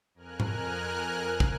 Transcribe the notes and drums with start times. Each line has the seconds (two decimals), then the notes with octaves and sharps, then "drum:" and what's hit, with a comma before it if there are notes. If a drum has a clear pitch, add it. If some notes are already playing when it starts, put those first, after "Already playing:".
0.15 F2 A#4 G#5 F6 F#6
0.40 drum: tom G#2
1.40 drum: kick